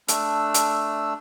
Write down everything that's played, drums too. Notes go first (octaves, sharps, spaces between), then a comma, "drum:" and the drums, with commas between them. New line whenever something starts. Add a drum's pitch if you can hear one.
A3 D4 E6, drum: hi-hat
drum: hi-hat